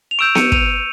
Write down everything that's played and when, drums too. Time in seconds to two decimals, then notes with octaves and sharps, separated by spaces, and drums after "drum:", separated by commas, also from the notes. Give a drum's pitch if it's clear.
0.11 F7
0.19 C#6 E6 G6 D7 E7
0.35 C#7 D#7, drum: snare B3
0.52 D#7 F7, drum: kick